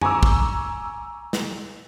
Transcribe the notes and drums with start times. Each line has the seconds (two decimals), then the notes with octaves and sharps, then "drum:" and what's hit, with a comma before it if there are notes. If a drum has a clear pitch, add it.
0.01 G#5 A#5 C#6 D6 E6, drum: tom F2
0.23 drum: kick
1.33 drum: snare